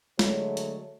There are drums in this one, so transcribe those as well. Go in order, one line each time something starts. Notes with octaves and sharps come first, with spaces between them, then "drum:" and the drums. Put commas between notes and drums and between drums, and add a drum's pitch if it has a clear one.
D3 F#3 G#3 A3 C#5, drum: snare
drum: hi-hat